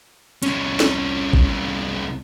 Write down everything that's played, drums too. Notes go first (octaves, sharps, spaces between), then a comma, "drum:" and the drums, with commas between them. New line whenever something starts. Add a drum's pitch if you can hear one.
C2 C#4, drum: hi-hat
drum: snare
drum: kick A1